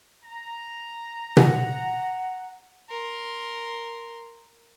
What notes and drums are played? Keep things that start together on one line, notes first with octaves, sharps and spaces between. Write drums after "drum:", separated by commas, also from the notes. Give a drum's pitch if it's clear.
A#5
F#5, drum: tom B2
A#4 C6